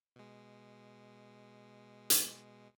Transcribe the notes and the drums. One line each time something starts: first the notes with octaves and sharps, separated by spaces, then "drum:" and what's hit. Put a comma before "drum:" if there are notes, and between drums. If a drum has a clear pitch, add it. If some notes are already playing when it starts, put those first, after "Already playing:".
B2 G#3
drum: hi-hat